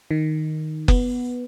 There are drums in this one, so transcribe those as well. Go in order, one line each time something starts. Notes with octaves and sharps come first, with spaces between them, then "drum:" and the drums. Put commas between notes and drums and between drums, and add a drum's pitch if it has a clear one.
D#3
B3, drum: kick F#1